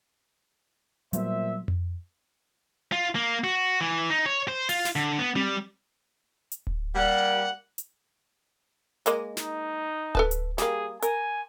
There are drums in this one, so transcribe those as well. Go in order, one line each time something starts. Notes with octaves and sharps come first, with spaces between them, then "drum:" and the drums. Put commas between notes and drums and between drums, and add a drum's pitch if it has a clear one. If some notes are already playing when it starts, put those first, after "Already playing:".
A#2 F#3 G3 B3 C5 E5, drum: hi-hat
drum: tom F2
F4
A#3
F#4
E3
D#4
C#5
C5
F4, drum: open hi-hat
drum: snare
D3
B3
G3, drum: tom C4
drum: hi-hat
drum: kick D1
G3 A#3 F#5
drum: hi-hat
G#3 A#3 D#5, drum: hi-hat
D#4, drum: snare
A4 B4 A5, drum: kick D1
drum: hi-hat
G3 A#3 G#4, drum: snare
A#4 G#5, drum: hi-hat